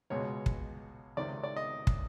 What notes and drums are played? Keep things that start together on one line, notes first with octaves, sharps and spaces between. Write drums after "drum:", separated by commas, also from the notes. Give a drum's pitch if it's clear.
C#2 B2 G#3 C#5
drum: kick
C#2 C3 D#3 D5
D5
D#5
drum: kick